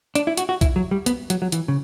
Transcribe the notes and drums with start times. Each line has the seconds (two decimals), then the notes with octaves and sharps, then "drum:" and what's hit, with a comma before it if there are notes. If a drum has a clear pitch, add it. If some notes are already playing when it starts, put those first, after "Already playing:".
0.15 D4, drum: hi-hat
0.27 E4
0.37 F#4, drum: hi-hat
0.49 F#4
0.61 E4, drum: kick B1, hi-hat
0.76 F#3
0.91 G3
1.06 B3, drum: hi-hat
1.30 F#3, drum: hi-hat
1.42 F#3
1.52 E3, drum: hi-hat
1.68 C#3